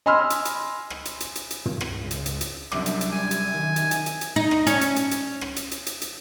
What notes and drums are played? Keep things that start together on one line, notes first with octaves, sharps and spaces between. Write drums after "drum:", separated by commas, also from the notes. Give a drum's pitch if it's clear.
D#5 G#5 B5 C6 E6 F6
drum: hi-hat
drum: hi-hat
drum: rim click
drum: hi-hat
drum: hi-hat
drum: hi-hat
drum: hi-hat
drum: tom
drum: rim click
C#2
drum: hi-hat
drum: hi-hat
drum: hi-hat
C2 F#2 D4 D6, drum: rim click
drum: hi-hat
drum: hi-hat
G3 G#5
drum: hi-hat
D#3
drum: hi-hat
drum: hi-hat
drum: hi-hat
drum: hi-hat
D#4
drum: rim click
C#4, drum: hi-hat
drum: hi-hat
drum: hi-hat
drum: hi-hat
drum: rim click
drum: hi-hat
drum: hi-hat
drum: hi-hat
drum: hi-hat